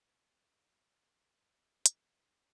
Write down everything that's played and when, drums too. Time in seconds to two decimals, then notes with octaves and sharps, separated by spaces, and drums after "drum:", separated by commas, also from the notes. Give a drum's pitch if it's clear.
0.05 B4 C5 E5 A5
1.86 drum: hi-hat